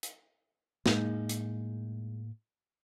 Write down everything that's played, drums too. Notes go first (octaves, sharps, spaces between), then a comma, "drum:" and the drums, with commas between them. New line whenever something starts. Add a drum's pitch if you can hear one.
drum: hi-hat
A2 G#3 A#3 D#4, drum: snare
drum: hi-hat